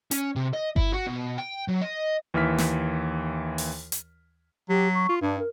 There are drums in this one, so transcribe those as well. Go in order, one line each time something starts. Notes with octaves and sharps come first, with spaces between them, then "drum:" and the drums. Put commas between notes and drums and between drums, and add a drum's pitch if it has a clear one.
C#4, drum: hi-hat
C3
D#5
E4, drum: kick G1
F#4
B2
G5
F#3
D#5
D#2 E3 E5 F6 B6
drum: snare
drum: open hi-hat
drum: hi-hat
F#3 G4
C#6
F4
G2 D4
A#4